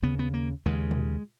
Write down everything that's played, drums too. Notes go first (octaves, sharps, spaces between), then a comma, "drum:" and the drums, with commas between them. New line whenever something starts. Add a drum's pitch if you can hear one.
D#2 C#3 B3
B3
A#3
D#2 C#3 G#3
drum: tom A#2